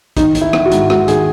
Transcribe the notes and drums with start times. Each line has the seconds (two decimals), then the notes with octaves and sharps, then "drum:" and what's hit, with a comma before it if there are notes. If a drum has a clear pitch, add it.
0.17 D#3 D#4, drum: kick, hi-hat
0.35 D#3, drum: hi-hat
0.41 E4
0.53 D#3, drum: rim click
0.66 F#4
0.72 G#2, drum: hi-hat
0.90 G#2 F#4, drum: rim click
1.08 D#3 G#4, drum: hi-hat